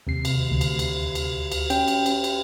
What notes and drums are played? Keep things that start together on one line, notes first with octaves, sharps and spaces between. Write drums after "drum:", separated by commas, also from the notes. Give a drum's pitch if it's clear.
D#2 C3 C7
drum: cymbal
D2
drum: cymbal
drum: cymbal
drum: cymbal
drum: cymbal
C#4 G5, drum: cymbal
drum: cymbal
drum: cymbal
drum: cymbal